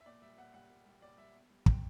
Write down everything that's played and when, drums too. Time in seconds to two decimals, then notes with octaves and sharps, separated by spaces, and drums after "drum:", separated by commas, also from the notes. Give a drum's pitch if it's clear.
0.01 E5
0.06 A#2 D5
0.22 G3 E5
0.38 A#2 F#5
0.54 G3 F#5
0.70 A#2
0.86 G3
1.02 A#2 D5
1.18 G3 E5
1.34 B2
1.50 G3
1.66 B2 G5, drum: kick